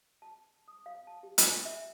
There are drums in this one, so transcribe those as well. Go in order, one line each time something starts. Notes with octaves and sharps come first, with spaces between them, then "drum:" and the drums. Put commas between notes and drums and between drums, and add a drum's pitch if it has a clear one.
A5
D#6
F5
A5
G4
G#5, drum: hi-hat
E5